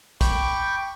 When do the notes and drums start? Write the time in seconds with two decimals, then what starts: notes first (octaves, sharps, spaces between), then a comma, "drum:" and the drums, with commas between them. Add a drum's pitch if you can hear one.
0.21 G5 B5 C#6 D6, drum: kick, hi-hat